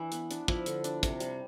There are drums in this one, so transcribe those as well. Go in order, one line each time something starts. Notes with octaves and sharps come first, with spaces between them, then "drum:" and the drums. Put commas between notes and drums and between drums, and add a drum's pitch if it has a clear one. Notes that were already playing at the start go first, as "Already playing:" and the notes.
Already playing: E3 D4 E4
B3, drum: hi-hat
D4, drum: hi-hat
F3 E4, drum: kick
D3, drum: hi-hat
D4, drum: hi-hat
C3, drum: kick, hi-hat
G3, drum: hi-hat